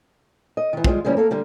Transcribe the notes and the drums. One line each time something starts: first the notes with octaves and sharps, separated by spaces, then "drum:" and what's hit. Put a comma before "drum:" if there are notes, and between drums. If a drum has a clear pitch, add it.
D#5
D#3 E3
G3 G#3 C4 F4, drum: kick
C#3 E3 F3 G3 A#3 C#4
A#3 A4 F5
D3 G3 A#3